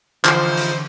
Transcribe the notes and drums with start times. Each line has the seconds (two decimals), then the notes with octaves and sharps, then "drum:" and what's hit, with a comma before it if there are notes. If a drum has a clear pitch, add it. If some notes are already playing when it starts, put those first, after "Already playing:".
0.25 D3 E3 F3 D#4 E4 C5, drum: clap
0.57 drum: hi-hat